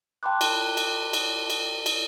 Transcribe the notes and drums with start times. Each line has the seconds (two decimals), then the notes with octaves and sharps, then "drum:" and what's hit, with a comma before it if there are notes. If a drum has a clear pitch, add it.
0.23 G5 A5 B5 C6 D6 F#6
0.41 drum: cymbal
0.77 drum: cymbal
1.13 drum: cymbal
1.50 drum: cymbal
1.86 drum: cymbal